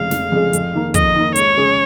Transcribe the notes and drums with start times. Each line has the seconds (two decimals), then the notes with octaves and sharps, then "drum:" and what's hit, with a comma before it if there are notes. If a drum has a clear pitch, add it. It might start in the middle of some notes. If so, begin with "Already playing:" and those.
Already playing: F1 F2 C#3 G#3 F5
0.11 F1, drum: snare
0.32 F2 C#3 G#3
0.53 F2, drum: hi-hat
0.74 D#3 A#3
0.94 F2 D#5, drum: kick, hi-hat
1.14 D#3 A#3
1.36 C#2 C#5, drum: hi-hat
1.56 C#3 G#3 C#4 G#4